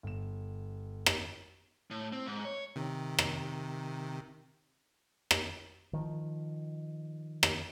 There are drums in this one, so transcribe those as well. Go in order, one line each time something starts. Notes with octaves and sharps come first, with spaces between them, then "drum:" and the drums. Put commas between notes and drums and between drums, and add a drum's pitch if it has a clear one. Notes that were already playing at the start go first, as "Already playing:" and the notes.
G1 E7
drum: rim click
A2
C4
G#2
C#5
C3 D#3
drum: rim click
drum: rim click
D#3 F3
drum: rim click